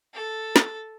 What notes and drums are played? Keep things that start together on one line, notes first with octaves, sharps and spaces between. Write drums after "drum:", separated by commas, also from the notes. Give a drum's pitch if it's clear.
A4
drum: snare